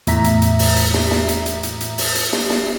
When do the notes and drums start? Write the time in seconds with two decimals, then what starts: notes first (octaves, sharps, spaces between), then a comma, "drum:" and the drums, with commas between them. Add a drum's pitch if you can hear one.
0.07 E2 A2 E5 A#5 B6, drum: hi-hat
0.24 drum: hi-hat
0.42 drum: hi-hat
0.59 drum: open hi-hat
0.76 drum: hi-hat
0.94 drum: snare
1.11 drum: snare
1.28 drum: hi-hat
1.46 drum: hi-hat
1.63 drum: hi-hat
1.80 drum: hi-hat
1.98 drum: open hi-hat
2.15 drum: hi-hat
2.33 drum: snare
2.50 drum: snare